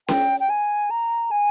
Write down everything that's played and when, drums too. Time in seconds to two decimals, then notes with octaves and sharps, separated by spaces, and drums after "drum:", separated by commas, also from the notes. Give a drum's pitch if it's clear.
0.08 G5, drum: snare C#4
0.40 G5
0.50 G#5
0.91 A#5
1.31 G#5